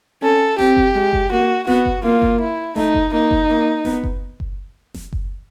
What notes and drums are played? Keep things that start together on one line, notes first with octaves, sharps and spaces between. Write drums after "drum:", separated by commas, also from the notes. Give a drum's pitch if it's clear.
C#4 A4
C4 G4, drum: snare F1
drum: kick F#1
G#3
drum: kick F#1
A#3 F#4
B3 F#4, drum: snare F1
drum: kick F#1
A#3 F4
drum: kick F#1
E4
A3 D#4, drum: snare F1
drum: kick F#1
A#3 D#4
drum: kick F#1
A#3
B3, drum: snare F1
drum: kick F#1
drum: kick F#1
drum: snare F1
drum: kick F#1